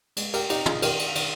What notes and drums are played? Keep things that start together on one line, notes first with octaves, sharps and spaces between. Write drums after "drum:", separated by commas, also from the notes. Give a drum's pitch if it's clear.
G#3, drum: cymbal
G4 A#4, drum: cymbal
C3 D#4 G4, drum: cymbal
F4 G#4, drum: tom
D#3 G4 A#4, drum: cymbal
drum: cymbal
D#3, drum: cymbal